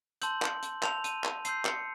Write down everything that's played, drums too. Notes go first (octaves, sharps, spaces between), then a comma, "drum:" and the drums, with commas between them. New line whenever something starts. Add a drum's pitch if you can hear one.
A5 C6 E6 G6 F#7, drum: hi-hat
drum: clap
drum: hi-hat
A5 C6 E6 G6 F7, drum: clap
D#7, drum: hi-hat
drum: clap
A5 C6 E6 G6 C7, drum: hi-hat
C#7, drum: clap